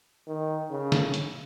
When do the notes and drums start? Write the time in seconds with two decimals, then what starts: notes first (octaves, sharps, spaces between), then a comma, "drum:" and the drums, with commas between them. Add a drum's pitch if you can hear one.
0.27 D#3
0.70 C#3
0.92 drum: snare
1.14 drum: hi-hat